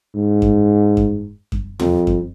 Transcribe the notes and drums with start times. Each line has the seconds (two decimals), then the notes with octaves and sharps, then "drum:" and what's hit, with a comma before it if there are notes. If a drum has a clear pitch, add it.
0.14 G#2
0.42 drum: kick F#2
0.97 drum: kick F#2
1.52 drum: kick F#2
1.80 F2, drum: tom
2.07 drum: kick F#2